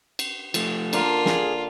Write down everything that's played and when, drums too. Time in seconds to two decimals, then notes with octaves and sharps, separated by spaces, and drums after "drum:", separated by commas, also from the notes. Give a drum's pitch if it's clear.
0.19 drum: cymbal
0.54 F3 A3, drum: cymbal
0.93 D3 A#3 F4 A#4, drum: cymbal
1.26 G#4, drum: snare